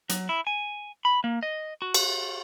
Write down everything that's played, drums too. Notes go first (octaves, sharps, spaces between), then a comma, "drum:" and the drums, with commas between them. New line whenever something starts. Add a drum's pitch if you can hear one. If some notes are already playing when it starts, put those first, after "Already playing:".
F#3, drum: hi-hat
E4
G#5
B5
A#3
D#5
F#4
drum: cymbal